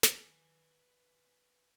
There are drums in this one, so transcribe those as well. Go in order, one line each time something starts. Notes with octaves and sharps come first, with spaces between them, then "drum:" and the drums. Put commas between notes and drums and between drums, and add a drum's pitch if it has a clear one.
B4 G#5, drum: snare